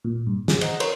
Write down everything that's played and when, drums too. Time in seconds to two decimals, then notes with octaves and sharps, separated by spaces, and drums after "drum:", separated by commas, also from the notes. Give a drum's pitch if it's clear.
0.04 A#2
0.27 G2
0.48 G#4, drum: snare
0.61 C5 D#5 F#5 A#5, drum: cymbal
0.80 A#4 B4 C#5 C6, drum: cymbal